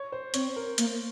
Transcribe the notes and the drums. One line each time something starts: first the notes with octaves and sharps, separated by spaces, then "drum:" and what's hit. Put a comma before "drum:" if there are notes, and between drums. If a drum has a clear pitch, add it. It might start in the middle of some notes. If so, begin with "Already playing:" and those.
Already playing: C#5
C5
C4 C#5, drum: hi-hat
A#4
A#3, drum: hi-hat